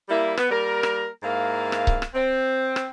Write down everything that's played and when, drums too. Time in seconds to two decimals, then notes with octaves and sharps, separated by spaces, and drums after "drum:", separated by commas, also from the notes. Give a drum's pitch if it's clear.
0.09 G3 A#3 E4
0.37 B3, drum: rim click
0.50 G3 A#3 A#4
0.83 drum: rim click
1.23 G#2 A#3 E4 F5
1.72 drum: rim click
1.87 drum: kick C#1
2.02 drum: rim click
2.14 C4
2.76 drum: rim click